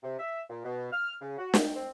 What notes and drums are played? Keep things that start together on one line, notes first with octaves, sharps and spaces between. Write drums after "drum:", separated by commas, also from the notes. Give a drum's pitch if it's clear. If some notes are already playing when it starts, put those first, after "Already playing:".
C3
E5
A#2
B2
F6
C#3
F#4
drum: snare
G5
C4